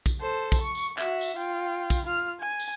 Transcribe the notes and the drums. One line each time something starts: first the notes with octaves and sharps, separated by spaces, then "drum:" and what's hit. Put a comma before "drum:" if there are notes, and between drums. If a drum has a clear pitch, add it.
drum: kick, tambourine
A4 C5
drum: kick, tambourine
C#6
drum: tambourine
F#4 E5, drum: clap
drum: tambourine
F4 G5
drum: kick, tambourine
F4 F6
G#5
drum: tambourine